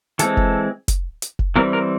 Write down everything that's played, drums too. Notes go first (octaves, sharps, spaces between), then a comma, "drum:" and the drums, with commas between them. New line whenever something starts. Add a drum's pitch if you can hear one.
E3 G#3 C4 A4, drum: hi-hat
drum: kick F1
drum: kick F1, hi-hat
drum: hi-hat
drum: kick F1
E3 G3 C4 A#4
A#4